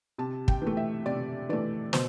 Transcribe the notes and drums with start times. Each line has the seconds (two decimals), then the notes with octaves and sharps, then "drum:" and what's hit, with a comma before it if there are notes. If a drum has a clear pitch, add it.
0.18 C3 A5
0.48 G5, drum: kick
0.62 E3 A3
0.77 E5
1.06 C3 D5
1.49 E3 A3 D5
1.93 B2 C5, drum: snare